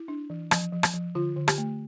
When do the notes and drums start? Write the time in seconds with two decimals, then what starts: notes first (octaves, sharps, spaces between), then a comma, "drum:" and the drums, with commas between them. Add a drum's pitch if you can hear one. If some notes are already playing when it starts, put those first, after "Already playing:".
Already playing: E4
0.08 D4
0.30 E3
0.51 F3, drum: rim click
0.72 F3
0.83 drum: rim click
0.94 F3
1.15 D3 F4
1.36 D3
1.48 G4, drum: rim click
1.58 A3